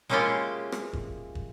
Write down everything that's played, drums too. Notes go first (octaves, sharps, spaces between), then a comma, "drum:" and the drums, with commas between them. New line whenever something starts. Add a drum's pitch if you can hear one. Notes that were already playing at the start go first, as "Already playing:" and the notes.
G#3 A#3 C#4 E4 F4 G4
drum: rim click
drum: kick
drum: kick